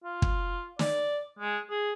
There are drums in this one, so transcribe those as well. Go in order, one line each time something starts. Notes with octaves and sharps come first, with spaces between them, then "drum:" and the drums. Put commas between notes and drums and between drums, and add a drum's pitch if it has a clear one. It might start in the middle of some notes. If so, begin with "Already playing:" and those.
F4
drum: kick
D5, drum: snare
G#3
G#4